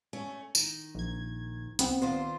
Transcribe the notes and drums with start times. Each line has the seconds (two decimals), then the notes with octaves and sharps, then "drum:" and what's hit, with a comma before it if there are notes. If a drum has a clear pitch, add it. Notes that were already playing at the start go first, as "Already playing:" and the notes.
0.13 A3 C#4
0.55 D#3, drum: tambourine
0.95 A#1 G#6
1.79 C2 B3 C4, drum: hi-hat
2.02 D#3 F4 C5